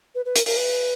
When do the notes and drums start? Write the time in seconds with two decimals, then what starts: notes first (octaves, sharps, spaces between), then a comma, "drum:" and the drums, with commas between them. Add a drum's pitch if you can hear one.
0.15 B4
0.25 B4
0.36 A#4, drum: hi-hat
0.46 A#4, drum: open hi-hat
0.57 B4